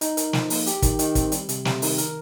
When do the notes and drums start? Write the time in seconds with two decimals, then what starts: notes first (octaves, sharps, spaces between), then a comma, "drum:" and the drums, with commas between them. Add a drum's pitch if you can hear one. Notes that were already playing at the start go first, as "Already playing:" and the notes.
0.01 D#4, drum: hi-hat
0.17 A#4, drum: hi-hat
0.33 F3, drum: snare
0.50 A#3, drum: open hi-hat
0.67 G4, drum: hi-hat
0.82 D#3, drum: kick, hi-hat
0.99 D#3, drum: hi-hat
1.15 C4, drum: kick, hi-hat
1.32 G3, drum: hi-hat
1.49 C3, drum: hi-hat
1.65 C3, drum: snare
1.82 D#3, drum: open hi-hat
1.98 A#4, drum: hi-hat